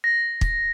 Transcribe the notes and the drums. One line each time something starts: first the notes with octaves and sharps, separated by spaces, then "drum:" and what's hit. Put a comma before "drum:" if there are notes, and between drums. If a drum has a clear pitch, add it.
A#6
drum: kick